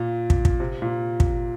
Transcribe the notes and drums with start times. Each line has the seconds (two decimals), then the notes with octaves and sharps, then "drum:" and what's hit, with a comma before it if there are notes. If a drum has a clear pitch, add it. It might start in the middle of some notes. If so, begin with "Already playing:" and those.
Already playing: A#2
0.30 drum: kick
0.45 drum: kick
0.60 C3
0.82 A#2
1.20 drum: kick